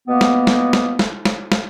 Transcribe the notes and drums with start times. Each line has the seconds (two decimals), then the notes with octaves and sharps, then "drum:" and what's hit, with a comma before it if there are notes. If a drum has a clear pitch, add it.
0.08 B2 A#3 B3
0.21 drum: snare
0.47 drum: snare
0.73 drum: snare
0.99 drum: snare
1.25 drum: snare
1.52 drum: snare